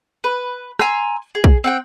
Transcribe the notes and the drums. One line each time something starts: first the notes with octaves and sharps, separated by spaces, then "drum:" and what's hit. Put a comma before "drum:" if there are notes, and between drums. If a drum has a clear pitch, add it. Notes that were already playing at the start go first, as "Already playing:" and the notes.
B4
G#5 A#5 C6 E6, drum: rim click
G#4
drum: kick
C4 F#5 G5